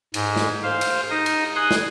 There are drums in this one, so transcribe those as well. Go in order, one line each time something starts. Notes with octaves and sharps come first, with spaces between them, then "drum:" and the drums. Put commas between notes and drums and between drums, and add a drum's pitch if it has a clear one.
G#2, drum: cymbal
drum: snare
C5 F5
drum: cymbal
D#4 D#6
drum: cymbal
G#5 C6 D#6 F#6
drum: snare